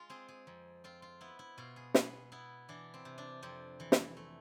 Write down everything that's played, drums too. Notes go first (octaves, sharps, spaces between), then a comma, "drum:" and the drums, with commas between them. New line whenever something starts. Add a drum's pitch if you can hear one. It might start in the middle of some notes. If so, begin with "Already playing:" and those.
Already playing: G#3 F4
C4 G#4
G#4
F2
C4 F4
F4
B3 E4
E4
B2 F4
G#4
B3 G#4, drum: snare
B3 E4
E3 D4
C4
C3
D4
F2 C4
E3
drum: snare
A3